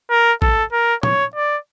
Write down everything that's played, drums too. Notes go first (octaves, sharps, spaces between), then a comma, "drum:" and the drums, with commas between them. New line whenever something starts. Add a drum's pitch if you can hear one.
A#4
A4, drum: kick
A#4
C#5, drum: tom
D5